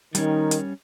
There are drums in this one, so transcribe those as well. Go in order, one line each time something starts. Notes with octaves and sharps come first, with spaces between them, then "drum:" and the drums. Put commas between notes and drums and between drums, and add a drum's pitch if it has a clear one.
D#3 G3 C#4, drum: hi-hat
drum: hi-hat